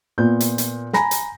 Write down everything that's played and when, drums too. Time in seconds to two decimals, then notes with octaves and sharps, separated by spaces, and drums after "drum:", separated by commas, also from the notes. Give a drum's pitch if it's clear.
0.18 A#2 B3 G6
0.40 drum: hi-hat
0.58 drum: hi-hat
0.93 G#5 A#5 B5 A#6, drum: snare
1.11 drum: hi-hat